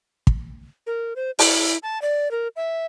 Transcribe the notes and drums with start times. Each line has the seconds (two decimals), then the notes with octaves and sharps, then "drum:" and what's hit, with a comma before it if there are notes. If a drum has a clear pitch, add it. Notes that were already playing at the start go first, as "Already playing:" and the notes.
0.27 drum: kick
0.87 A#4
1.16 C5
1.39 E4, drum: open hi-hat
1.83 A5
2.02 D5
2.31 A#4
2.56 E5